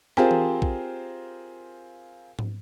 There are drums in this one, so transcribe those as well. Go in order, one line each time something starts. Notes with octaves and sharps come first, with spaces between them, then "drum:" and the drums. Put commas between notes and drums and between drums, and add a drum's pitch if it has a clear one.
C4 F4 G4 G#4 A#4 C5, drum: rim click
drum: tom E3
drum: kick A#1
drum: tom